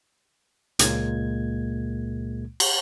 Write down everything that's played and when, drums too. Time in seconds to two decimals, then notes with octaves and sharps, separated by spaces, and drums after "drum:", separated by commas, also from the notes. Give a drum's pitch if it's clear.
0.79 C#2 A#2 G#3 A#3 G#6, drum: hi-hat
2.60 drum: cymbal